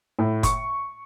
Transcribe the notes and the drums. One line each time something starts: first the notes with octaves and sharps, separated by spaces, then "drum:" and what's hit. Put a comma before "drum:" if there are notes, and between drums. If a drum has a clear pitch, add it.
A2
C#6, drum: kick, hi-hat